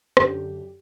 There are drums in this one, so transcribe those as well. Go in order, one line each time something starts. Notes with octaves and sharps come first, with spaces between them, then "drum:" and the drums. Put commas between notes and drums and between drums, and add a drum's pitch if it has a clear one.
F#2 D3 G4, drum: rim click